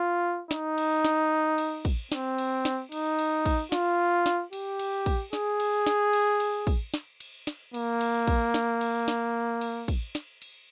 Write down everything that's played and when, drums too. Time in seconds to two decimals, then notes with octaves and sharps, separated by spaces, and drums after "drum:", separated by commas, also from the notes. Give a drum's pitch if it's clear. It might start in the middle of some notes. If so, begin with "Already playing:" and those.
Already playing: F4
0.51 D#4, drum: snare
0.78 drum: cymbal
1.05 drum: snare
1.58 drum: cymbal
1.85 drum: kick, cymbal
2.12 C4, drum: snare
2.38 drum: cymbal
2.65 drum: snare
2.92 D#4, drum: cymbal
3.19 drum: cymbal
3.46 drum: kick, cymbal
3.72 F4, drum: snare
4.26 drum: snare
4.53 G4, drum: cymbal
4.79 drum: cymbal
5.06 drum: kick, cymbal
5.33 G#4, drum: snare
5.60 drum: cymbal
5.87 drum: snare
6.13 drum: cymbal
6.40 drum: cymbal
6.67 drum: kick, cymbal
6.94 drum: snare
7.20 drum: cymbal
7.47 drum: snare
7.74 A#3, drum: cymbal
8.01 drum: cymbal
8.27 drum: kick, cymbal
8.54 drum: snare
8.81 drum: cymbal
9.08 drum: snare
9.61 drum: cymbal
9.88 drum: kick, cymbal
10.15 drum: snare
10.42 drum: cymbal